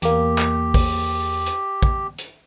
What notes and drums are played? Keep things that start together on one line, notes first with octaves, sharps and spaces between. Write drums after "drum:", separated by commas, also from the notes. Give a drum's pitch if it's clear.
E2 A#3 G4, drum: hi-hat
drum: clap
drum: kick, open hi-hat
drum: hi-hat
drum: kick
drum: hi-hat